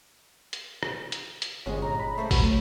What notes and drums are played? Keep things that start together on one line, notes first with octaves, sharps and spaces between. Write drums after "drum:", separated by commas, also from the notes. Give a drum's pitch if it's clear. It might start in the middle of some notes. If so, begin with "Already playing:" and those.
drum: hi-hat
drum: rim click
drum: hi-hat
drum: hi-hat
G1 G#3 B3 C#4 F#4 G#4
A#2 A#5
B5
D3 A3 C5 F5
F#3 A3, drum: kick A1, open hi-hat